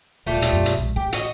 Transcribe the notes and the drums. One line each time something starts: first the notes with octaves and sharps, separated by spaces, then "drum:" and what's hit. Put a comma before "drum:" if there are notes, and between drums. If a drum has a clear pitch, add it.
D#1 B2 G3 A3 F4
drum: hi-hat
F#2 B2
drum: hi-hat
A#1 G#3
A2 G4
A1 F#4 D#5, drum: hi-hat